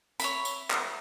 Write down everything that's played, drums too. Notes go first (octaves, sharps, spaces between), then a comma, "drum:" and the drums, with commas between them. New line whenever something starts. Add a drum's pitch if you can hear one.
C#5 E5 B5, drum: tambourine
drum: tambourine
drum: clap